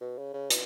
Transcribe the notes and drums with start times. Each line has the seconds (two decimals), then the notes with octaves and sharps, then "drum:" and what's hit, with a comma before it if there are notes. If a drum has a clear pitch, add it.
0.01 B2
0.18 C#3
0.33 C#3
0.50 B2, drum: hi-hat